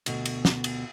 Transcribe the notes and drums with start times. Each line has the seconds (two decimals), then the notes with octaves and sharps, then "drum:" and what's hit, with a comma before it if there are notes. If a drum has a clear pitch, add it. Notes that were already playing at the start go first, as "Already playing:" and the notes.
0.06 D2 B2, drum: cymbal
0.26 drum: cymbal
0.45 drum: snare
0.64 drum: cymbal